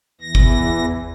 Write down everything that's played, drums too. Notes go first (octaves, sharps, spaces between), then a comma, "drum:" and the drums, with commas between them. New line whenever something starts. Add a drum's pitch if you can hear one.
E2 E3 A#6
drum: kick G1